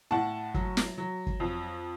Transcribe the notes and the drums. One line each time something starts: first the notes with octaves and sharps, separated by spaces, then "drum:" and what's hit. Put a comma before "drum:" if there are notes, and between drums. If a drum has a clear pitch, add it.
A2 F#5 A5
F#3, drum: kick
drum: snare
F#3
drum: kick
F2